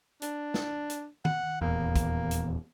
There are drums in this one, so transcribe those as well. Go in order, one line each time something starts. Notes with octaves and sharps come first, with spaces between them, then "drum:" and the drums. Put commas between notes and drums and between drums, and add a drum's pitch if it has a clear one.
D4, drum: hi-hat
drum: snare
drum: hi-hat
F#5, drum: tom D#3
D#1 E2 A#3
drum: kick, hi-hat
drum: hi-hat